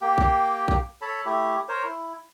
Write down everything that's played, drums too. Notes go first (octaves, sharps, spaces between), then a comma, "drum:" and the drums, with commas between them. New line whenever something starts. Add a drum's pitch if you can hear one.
A#3 G4 G5
drum: kick
drum: kick
A4 C#5 A5 B5
A3 E4 G4
A#4 C5 C#5
E4